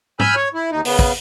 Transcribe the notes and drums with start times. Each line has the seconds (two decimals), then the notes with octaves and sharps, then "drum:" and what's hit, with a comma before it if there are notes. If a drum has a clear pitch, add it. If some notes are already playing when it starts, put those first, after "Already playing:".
0.20 G#5 B5 E6 F6 G6, drum: tom G#2
0.36 C#5
0.54 E4
0.72 D#2 D#4
0.85 C#3 B3, drum: open hi-hat
0.99 drum: kick